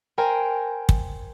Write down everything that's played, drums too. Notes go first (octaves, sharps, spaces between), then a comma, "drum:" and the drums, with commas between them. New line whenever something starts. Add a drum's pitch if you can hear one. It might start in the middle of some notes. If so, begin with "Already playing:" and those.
A#4 C5 G5 G#5 A#5
drum: kick